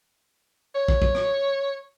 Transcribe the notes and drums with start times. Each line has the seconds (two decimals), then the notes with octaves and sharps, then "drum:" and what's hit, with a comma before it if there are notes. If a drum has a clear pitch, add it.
0.75 C#5
0.88 drum: kick
1.02 drum: kick
1.15 drum: rim click